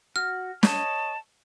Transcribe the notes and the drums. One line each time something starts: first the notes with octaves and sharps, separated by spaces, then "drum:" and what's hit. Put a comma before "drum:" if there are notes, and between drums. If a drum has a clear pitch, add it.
F#4 F6
C#5 D#5 A5, drum: snare